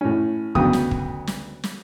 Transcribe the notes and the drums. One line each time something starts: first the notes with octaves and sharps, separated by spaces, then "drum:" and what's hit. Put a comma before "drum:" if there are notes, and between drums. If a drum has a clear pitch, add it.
A2 C#4
D2 C#3 F#3 B3 G5 D#6, drum: kick
drum: snare
drum: kick
drum: snare
drum: snare